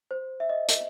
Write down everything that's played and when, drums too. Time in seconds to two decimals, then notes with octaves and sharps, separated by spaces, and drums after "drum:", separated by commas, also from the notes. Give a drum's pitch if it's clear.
0.11 C5
0.40 E5
0.50 D#5
0.69 drum: hi-hat